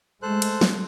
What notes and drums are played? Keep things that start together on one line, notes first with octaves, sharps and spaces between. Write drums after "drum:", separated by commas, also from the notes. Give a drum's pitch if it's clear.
G#3 A3 A4 C5 F#6
drum: cymbal
drum: snare